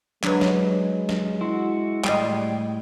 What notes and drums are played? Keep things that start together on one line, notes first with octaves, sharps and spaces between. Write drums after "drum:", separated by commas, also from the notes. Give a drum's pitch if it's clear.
F#3 G#3 D4 B4, drum: clap
drum: snare
drum: snare
E4 F#4 C6
A2 G3 D#5 G5 C6 C7, drum: clap